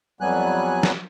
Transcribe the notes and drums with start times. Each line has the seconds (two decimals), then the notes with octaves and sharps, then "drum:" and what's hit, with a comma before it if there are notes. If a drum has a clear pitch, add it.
0.21 F2 F#3 G3 B3 G#5 F#6
0.83 drum: snare